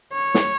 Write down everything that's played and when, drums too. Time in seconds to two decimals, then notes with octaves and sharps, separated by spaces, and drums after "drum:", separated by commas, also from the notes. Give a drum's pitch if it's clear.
0.13 C#5
0.35 drum: snare